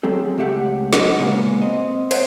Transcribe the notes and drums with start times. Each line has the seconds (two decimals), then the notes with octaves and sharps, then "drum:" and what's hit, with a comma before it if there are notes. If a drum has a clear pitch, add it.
0.03 F#3 C4 G#4 A4
0.38 C#2 A3 G4 E5 F#5
0.93 F#3, drum: snare
1.20 A#2 C#3 G#3 A#3 B3
1.62 C4 D#5
2.11 C5 C#5 E5 F#5, drum: cymbal